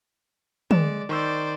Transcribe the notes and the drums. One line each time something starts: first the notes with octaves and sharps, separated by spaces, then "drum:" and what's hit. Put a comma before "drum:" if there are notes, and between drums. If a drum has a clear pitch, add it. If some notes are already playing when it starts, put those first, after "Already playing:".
G#3 D5 E7, drum: tom
D#3 C5 D5 C#6 E6